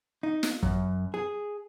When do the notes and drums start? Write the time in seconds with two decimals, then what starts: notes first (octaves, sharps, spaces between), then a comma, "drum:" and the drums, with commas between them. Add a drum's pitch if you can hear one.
0.23 D#4
0.43 drum: snare
0.63 F#2, drum: kick
1.14 G#4